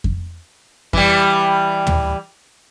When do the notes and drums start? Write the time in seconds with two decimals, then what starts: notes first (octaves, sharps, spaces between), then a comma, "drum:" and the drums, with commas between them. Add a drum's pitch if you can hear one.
0.04 drum: kick F2
0.93 E3 G3, drum: kick F2
1.87 drum: tom